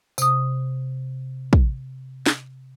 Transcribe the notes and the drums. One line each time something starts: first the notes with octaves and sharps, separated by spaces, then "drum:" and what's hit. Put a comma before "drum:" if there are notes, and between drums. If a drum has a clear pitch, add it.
C3 D#6, drum: tambourine
drum: kick
drum: snare